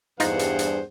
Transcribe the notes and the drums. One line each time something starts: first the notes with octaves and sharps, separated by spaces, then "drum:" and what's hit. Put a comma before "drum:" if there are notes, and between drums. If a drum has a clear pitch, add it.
E2 G2 D#4 F4 G#4 C5 F#5, drum: hi-hat
drum: hi-hat
drum: hi-hat